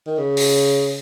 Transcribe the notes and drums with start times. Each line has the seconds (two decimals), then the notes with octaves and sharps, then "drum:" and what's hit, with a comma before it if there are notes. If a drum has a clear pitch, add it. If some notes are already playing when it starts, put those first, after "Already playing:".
0.07 D#3
0.18 C#3
0.37 drum: open hi-hat